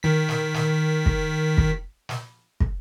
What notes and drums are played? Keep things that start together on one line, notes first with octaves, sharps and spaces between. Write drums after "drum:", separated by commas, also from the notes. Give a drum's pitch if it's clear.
D#3 B6
drum: snare
drum: snare
drum: kick
drum: kick
drum: snare
drum: kick